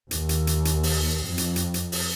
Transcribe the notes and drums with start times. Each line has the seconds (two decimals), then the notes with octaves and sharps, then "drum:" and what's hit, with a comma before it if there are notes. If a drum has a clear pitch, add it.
0.11 D#2, drum: hi-hat
0.29 drum: hi-hat
0.47 drum: hi-hat
0.65 drum: hi-hat
0.83 drum: open hi-hat
1.28 F2
1.38 drum: hi-hat
1.56 drum: hi-hat
1.74 drum: hi-hat
1.92 drum: open hi-hat